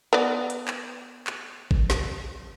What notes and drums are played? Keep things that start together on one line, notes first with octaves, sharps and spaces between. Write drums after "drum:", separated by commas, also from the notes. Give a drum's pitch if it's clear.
B3 D5
drum: hi-hat
drum: clap
drum: clap
drum: kick G#1
drum: snare